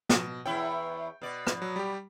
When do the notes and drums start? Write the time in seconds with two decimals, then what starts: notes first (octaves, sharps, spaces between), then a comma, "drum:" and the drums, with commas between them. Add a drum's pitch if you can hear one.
0.09 B2, drum: snare
0.46 E2 E4 C#5 G5
1.22 B2 D5
1.47 drum: rim click
1.62 F#3
1.76 G3 G4